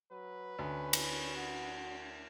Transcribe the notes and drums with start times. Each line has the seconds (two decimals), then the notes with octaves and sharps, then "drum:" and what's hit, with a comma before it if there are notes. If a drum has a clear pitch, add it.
0.11 F#3 B4
0.59 D2 C#4
0.93 drum: cymbal
1.37 F#4